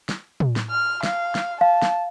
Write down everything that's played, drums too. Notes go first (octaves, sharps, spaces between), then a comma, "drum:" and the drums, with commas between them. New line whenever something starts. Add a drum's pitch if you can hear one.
drum: snare
drum: tom
drum: snare
F6
F5, drum: snare
drum: snare
F5 A5
drum: snare